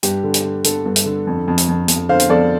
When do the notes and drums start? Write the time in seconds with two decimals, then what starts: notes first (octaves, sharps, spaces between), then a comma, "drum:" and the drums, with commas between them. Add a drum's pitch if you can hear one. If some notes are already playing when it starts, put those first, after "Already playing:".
0.03 G2 G4, drum: hi-hat
0.24 D3
0.34 drum: hi-hat
0.44 D3
0.64 D3 A4, drum: hi-hat
0.86 G2
0.96 drum: hi-hat
1.06 D3
1.27 F2
1.48 F2
1.58 drum: hi-hat
1.68 F2
1.88 F2, drum: hi-hat
2.09 D3 C5 F5
2.20 drum: hi-hat
2.30 F2 A4 D5